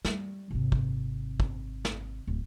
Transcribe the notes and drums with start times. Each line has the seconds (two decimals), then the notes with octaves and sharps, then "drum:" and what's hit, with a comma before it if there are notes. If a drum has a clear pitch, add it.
0.05 G3, drum: snare
0.51 G#1 C3
0.72 drum: kick
1.40 drum: kick
1.85 drum: snare
2.27 D1